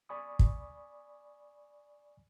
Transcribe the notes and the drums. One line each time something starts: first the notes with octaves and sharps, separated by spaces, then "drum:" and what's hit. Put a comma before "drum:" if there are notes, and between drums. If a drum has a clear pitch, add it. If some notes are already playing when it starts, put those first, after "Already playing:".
D5 G#5 B5 C#6 D#6
drum: kick